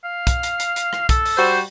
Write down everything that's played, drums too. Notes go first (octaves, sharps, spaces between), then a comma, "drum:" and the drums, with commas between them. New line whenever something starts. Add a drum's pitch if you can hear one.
F5
drum: kick, hi-hat
drum: hi-hat
drum: hi-hat
drum: hi-hat
drum: rim click
A4, drum: kick, hi-hat
drum: open hi-hat
G3 F#4 C5